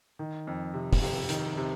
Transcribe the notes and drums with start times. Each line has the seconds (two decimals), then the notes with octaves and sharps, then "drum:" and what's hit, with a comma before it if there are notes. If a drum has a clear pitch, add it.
0.19 D#3
0.47 F2
0.74 C3
0.93 drum: kick, open hi-hat
1.02 C3
1.29 D#3, drum: hi-hat
1.57 C3